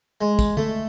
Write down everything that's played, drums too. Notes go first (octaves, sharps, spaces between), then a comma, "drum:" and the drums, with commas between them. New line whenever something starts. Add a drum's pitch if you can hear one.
G#3
drum: kick, tambourine
A3, drum: tom